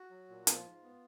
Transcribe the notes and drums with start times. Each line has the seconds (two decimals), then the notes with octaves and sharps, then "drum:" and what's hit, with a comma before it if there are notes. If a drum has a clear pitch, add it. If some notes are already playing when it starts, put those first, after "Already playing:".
Already playing: F#4
0.10 F#3
0.29 A#2
0.47 F3 F4, drum: hi-hat
0.65 G#2
0.83 B3